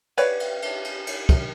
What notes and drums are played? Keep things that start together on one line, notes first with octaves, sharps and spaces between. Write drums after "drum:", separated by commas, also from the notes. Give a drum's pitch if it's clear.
B4 C#5 D5 F#5, drum: cymbal
drum: cymbal
drum: cymbal
drum: cymbal
drum: cymbal
drum: kick, cymbal